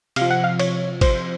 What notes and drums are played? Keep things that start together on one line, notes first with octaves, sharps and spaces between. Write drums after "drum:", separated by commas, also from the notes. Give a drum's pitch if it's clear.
C3 F3 F5, drum: cymbal
F#5
F5
C#5, drum: cymbal
C5, drum: kick G#1, cymbal